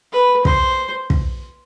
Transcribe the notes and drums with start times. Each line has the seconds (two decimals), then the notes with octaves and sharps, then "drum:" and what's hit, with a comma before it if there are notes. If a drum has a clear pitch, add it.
0.13 B4
0.45 C5, drum: kick
1.10 drum: kick